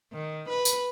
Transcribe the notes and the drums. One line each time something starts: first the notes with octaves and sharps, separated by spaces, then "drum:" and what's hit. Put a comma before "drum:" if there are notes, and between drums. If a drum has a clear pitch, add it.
D#3
B4
drum: tambourine